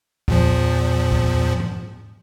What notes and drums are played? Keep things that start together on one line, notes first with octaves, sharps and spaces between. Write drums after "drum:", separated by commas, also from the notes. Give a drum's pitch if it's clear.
E2 A#2 F3, drum: kick
drum: kick
drum: tom G#2